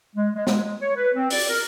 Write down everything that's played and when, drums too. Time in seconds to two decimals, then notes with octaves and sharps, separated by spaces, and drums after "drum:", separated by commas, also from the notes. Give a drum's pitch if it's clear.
0.15 G#3
0.35 G#3
0.47 G#3, drum: snare
0.63 G#3
0.80 C#5
0.95 B4
1.14 C4
1.30 D5, drum: open hi-hat
1.48 A#4